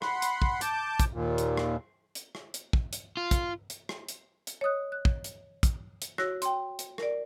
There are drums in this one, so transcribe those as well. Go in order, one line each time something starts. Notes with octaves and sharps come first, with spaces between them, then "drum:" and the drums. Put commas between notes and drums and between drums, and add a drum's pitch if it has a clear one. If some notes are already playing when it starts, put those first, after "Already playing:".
F#5 B5 C6, drum: rim click
drum: hi-hat
drum: kick
A5 D6 G6, drum: hi-hat
drum: kick, hi-hat
D#2 A#2
drum: hi-hat
drum: rim click
drum: hi-hat
drum: rim click
drum: hi-hat
drum: kick
drum: hi-hat
F4
drum: kick, hi-hat
drum: hi-hat
drum: rim click
drum: hi-hat
drum: hi-hat
C#5 D#5 D#6 F#6
F#6
drum: kick
drum: hi-hat
drum: kick, hi-hat
drum: hi-hat
F#4 C#5 E6 F#6 A#6, drum: rim click
G5 C6, drum: hi-hat
drum: hi-hat
A#4 D5, drum: rim click